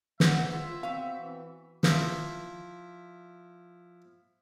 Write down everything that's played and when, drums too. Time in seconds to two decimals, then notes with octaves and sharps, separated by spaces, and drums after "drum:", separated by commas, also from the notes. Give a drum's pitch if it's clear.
0.20 E3 G#3 C5 E5 F#5, drum: snare
0.51 E4 F4
0.83 B3 C4 F#4 F5
1.20 E3
1.83 F3 E4 E5, drum: snare